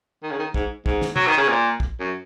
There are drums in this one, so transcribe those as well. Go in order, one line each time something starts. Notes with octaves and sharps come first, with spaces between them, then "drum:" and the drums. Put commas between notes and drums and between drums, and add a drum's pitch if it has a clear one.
D#3
C#3
D#3
G#2, drum: kick
G#2, drum: kick
drum: snare
F#3, drum: tom
D#3
C#3
A#2
drum: kick
F#2